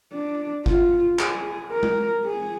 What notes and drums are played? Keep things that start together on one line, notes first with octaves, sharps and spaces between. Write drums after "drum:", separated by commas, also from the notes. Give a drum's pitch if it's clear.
D4
F4, drum: kick G1
G#4, drum: clap
A#4
drum: tom G#3
G#4